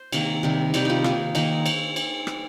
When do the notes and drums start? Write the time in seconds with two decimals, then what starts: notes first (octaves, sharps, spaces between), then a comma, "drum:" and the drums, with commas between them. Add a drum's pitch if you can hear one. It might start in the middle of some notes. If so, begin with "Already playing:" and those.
Already playing: C5
0.12 C3 D#3 A#3, drum: cymbal
0.43 C3 D#3 G3
0.74 C3 D#3 G3 G4, drum: cymbal
0.85 D#4 F4
1.04 D#3 A#3 F4, drum: rim click
1.35 D#3 A#3 D#4, drum: cymbal
1.66 drum: cymbal
1.96 drum: cymbal
2.27 drum: rim click